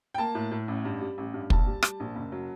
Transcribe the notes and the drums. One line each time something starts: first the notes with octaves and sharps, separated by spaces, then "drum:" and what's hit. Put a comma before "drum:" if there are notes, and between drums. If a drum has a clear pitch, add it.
G5
A#3 A5
A2
A2
A1
G2
G3
A1
G2
A#1 A5, drum: kick
G3
G3, drum: rim click
A#1
F#1
F#3